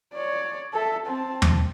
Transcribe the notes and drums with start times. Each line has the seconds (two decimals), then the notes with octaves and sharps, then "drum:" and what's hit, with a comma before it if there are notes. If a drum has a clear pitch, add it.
0.13 C#5 D5
0.73 A4 E5
1.06 C4 A5
1.42 drum: tom